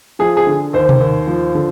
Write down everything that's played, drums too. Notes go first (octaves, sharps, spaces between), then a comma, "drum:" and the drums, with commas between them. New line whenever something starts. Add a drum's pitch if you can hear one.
F3 G#4
G#4
D3
D#2 C5
drum: tom B2
D#2
F3
D3